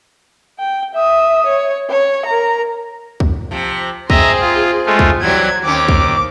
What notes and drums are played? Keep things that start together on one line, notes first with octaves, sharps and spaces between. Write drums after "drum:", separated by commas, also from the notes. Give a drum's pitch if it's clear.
G5
E5 D#6
C#5
C#5
A#4 A#5
drum: kick C2
C3 F3
C4 G#4 D#5 E5 A#5 C6, drum: kick C2
F4
G#3 A3 F4
drum: kick C2
C3 E3 F#3 G3 G#6
D#2 C4 C#4 D6
drum: kick C2